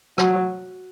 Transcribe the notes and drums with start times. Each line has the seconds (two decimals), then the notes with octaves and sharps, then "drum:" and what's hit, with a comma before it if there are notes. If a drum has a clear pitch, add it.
0.18 F#3, drum: rim click